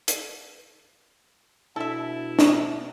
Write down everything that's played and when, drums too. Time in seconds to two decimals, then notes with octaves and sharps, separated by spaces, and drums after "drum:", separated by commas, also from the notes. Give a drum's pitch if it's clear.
0.08 drum: hi-hat
1.76 B2 B3 D4 E4 A4 E5
2.39 drum: snare